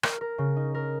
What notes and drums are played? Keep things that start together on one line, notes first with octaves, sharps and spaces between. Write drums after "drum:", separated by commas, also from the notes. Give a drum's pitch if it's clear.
A#4, drum: rim click
A#4
C#3
D#4
A#4